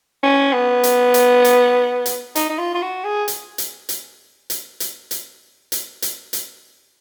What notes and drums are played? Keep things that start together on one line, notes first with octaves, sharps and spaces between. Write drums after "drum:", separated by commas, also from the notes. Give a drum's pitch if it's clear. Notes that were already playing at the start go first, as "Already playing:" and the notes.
C#4
B3
drum: hi-hat
drum: hi-hat
drum: hi-hat
drum: hi-hat
D#4, drum: hi-hat
D#4
F4
F4
F#4
G#4
drum: hi-hat
drum: hi-hat
drum: hi-hat
drum: hi-hat
drum: hi-hat
drum: hi-hat
drum: hi-hat
drum: hi-hat
drum: hi-hat